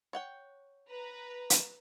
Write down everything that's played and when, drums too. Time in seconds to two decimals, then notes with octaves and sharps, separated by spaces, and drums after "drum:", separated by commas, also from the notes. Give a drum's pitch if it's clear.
0.13 C#5 F#5 G5
0.88 B4 A#5
1.50 drum: hi-hat